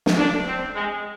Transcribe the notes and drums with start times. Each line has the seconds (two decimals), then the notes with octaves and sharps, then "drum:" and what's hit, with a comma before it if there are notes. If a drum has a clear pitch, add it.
0.06 drum: snare
0.18 D4
0.47 C4
0.75 G#3